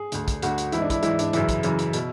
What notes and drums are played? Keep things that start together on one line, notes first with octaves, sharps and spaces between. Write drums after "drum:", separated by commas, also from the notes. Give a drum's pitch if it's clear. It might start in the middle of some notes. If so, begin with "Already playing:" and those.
Already playing: G#4
D2 D3, drum: hi-hat
drum: kick, hi-hat
D2 D3 F#4, drum: hi-hat
drum: hi-hat
G#2 E3 E4, drum: hi-hat
D4
E4, drum: kick, hi-hat
G#2 E3 E4, drum: hi-hat
D4, drum: hi-hat
F#2 C#3 E3 E4, drum: hi-hat
drum: kick, hi-hat
F#2 C#3 E3, drum: hi-hat
drum: hi-hat
B2, drum: hi-hat